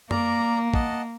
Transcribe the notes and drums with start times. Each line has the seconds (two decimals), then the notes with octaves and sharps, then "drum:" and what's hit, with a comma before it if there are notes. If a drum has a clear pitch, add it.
0.11 A#3 A#4 D5 A#5, drum: tom F#2
0.74 D#5 F#5 A5, drum: kick